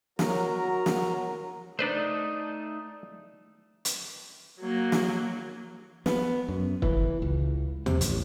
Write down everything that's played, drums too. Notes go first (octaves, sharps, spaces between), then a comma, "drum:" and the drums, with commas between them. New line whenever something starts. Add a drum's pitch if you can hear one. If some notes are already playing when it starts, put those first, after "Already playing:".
F#3 F#4 A#4 A#5, drum: snare
drum: snare
A3 D4 D#4 B4 C5 D5
drum: hi-hat
F#3 A#3
drum: snare
B3, drum: snare
F#2
E3, drum: kick
C#2
C3, drum: tom D#2
A1, drum: hi-hat